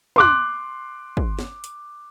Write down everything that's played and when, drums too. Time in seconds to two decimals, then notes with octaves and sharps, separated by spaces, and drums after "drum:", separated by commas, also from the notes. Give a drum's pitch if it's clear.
0.16 C6 D6 F#6, drum: tom
1.17 drum: kick
1.39 drum: snare
1.64 drum: hi-hat